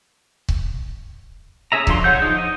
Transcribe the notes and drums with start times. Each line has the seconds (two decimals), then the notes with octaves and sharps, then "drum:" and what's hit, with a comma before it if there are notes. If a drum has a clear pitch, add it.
0.49 drum: kick C#1
1.72 C#4 G#4 E5 A#5
1.87 D3 F3 F#3 C6, drum: kick C#1
2.04 G#4 C#5 F#5 G6
2.22 F3 D#4
2.38 D#5